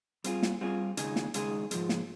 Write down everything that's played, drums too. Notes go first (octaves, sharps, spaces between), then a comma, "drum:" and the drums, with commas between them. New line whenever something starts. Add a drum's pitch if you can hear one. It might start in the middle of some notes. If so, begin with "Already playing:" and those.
G3 C4 F4 G#4, drum: hi-hat
drum: snare
G3 C4 F4 G#4
D#2 C#3 G#3 D#4 G#4, drum: hi-hat
drum: snare
D#2 C#3 G#3 D#4 G#4, drum: hi-hat
G#2 F3 G#3, drum: hi-hat
drum: snare